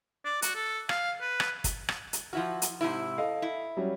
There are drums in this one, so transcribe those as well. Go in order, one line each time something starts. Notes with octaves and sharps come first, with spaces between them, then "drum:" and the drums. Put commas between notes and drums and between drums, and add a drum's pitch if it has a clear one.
D5
F#4, drum: hi-hat
A4
F5, drum: rim click
B4
drum: rim click
drum: kick, hi-hat
drum: rim click
drum: hi-hat
F3 E4 F#4 F6
drum: hi-hat
G#2 C3 E4
A4 D#5 F5
E4
F#3 G3 C#4